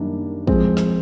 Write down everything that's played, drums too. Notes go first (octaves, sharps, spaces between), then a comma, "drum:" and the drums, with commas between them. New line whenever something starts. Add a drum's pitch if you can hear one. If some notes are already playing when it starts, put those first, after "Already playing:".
Already playing: F#2 D#3 G3 A#3 D4
F3 G#3 C4, drum: kick
drum: snare